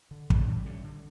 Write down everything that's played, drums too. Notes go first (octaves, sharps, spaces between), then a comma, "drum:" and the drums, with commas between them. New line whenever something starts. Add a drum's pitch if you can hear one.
D3
G3 C#4, drum: kick
D3
G3 C#4
D3